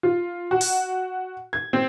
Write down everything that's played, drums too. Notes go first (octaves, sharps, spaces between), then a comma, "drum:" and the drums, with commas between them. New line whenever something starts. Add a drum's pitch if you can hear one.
F4
F#4
drum: open hi-hat
G#6
C4